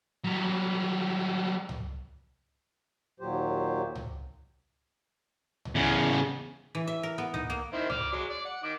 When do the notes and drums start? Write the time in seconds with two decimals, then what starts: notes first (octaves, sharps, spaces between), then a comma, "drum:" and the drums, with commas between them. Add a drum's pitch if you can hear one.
0.24 F#3 G3
1.69 drum: tom
3.20 D#2 A#2 F#3 G4 C5
3.95 drum: tom
5.65 drum: tom
5.75 E2 C#3
6.75 E3
6.87 E5
7.03 A#4
7.18 B3
7.34 D#4, drum: tom
7.50 A#3
7.73 D#3 C4 E4
7.90 D5 D6 F6, drum: tom
8.12 F#3 G#3
8.30 D5
8.46 F#5
8.63 D#3 D6